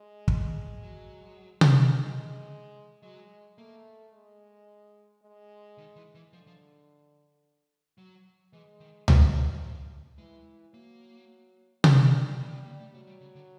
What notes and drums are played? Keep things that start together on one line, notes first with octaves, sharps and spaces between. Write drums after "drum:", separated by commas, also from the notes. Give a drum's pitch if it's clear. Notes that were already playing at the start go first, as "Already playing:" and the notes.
Already playing: G#3
F3, drum: kick
F#3
drum: tom C3
G#3
F#3 G#3
A3 A#3
G#3
G#3
D#3
E3
E3
D3 F3
F3
F#3
E3 G#3
D#3
C#3 F#3, drum: tom C#2
D3
F3
E3 G#3
F#3 A#3
G3, drum: tom C3
G3 A#3
B3
A#3
A3
F#3 A3
G3
C#3
D3